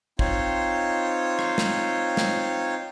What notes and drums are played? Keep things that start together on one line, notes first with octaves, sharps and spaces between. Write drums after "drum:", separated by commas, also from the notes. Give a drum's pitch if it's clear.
C4 D#4 F4 C5 C#5, drum: kick
drum: rim click
drum: snare
drum: snare